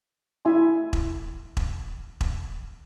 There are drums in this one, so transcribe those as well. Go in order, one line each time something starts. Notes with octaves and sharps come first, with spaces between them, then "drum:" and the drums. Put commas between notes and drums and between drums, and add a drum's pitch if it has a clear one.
E4 E5 G#5 C6
drum: kick E1
drum: kick E1
drum: kick E1